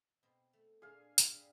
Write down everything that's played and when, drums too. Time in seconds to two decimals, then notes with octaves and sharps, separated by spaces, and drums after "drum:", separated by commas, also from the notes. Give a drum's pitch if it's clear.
0.23 B2 C4
0.53 A3
0.82 A#2 D4 G#4 F5
1.18 drum: hi-hat
1.32 G2 G3 E5